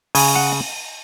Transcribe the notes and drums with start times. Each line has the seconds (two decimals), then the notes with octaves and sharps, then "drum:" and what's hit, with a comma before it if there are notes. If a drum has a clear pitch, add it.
0.15 C#3 G#5, drum: open hi-hat
0.35 F#5